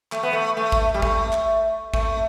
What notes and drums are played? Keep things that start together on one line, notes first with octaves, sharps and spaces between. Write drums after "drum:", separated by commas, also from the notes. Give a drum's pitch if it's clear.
A3, drum: clap
B3
A3
A3
drum: kick G#1
G3
A3, drum: kick G#1
drum: clap
A3, drum: kick G#1